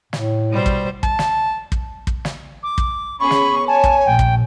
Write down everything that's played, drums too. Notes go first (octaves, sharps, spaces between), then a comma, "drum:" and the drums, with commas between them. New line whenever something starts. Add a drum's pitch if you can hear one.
A2, drum: snare
B2 G3 C5
drum: kick
A5, drum: kick
drum: snare
drum: kick
drum: kick
drum: snare
D6
drum: kick
B3 C#4 G#4 B5 C#6
drum: snare
C#5 G#5 A5
drum: kick
A#1 G5
drum: kick